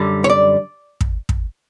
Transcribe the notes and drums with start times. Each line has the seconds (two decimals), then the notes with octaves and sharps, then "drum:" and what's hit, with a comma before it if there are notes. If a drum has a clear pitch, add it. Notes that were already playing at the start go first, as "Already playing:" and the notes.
Already playing: F#2 D3 G3
0.24 C#5
0.30 D5
1.01 drum: kick
1.29 drum: kick